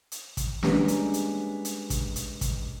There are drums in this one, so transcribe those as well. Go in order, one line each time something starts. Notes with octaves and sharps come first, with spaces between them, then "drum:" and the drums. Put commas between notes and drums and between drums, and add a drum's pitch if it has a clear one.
drum: hi-hat
drum: kick, hi-hat
G3 G#3 A#3 C#4 D4 B4, drum: snare
drum: hi-hat
drum: hi-hat
drum: hi-hat
drum: kick, hi-hat
drum: hi-hat
drum: kick, hi-hat